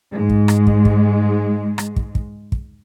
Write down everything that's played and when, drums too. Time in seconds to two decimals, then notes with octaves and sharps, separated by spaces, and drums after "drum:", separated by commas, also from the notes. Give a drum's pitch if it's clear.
0.11 G#2 G#3
0.30 drum: kick
0.48 drum: rim click
0.67 drum: kick
0.85 drum: kick
1.78 drum: rim click
1.96 drum: kick
2.15 drum: kick
2.52 drum: kick